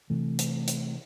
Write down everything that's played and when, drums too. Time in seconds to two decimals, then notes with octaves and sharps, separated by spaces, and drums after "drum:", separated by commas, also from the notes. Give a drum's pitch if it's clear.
0.10 C3 E3 A3
0.39 drum: hi-hat
0.68 drum: hi-hat